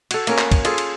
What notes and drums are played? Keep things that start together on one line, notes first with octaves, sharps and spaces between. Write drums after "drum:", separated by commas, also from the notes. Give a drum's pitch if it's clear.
F#4 A4, drum: cymbal
A#3 C#4 A#4, drum: cymbal
drum: clap
drum: kick, cymbal
F4 G#4 A4, drum: cymbal
drum: cymbal